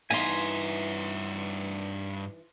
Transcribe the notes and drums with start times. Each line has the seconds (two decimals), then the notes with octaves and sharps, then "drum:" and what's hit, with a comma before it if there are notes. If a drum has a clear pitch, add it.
0.10 G2 E3 B3 D#4 E5 G#5 C6, drum: cymbal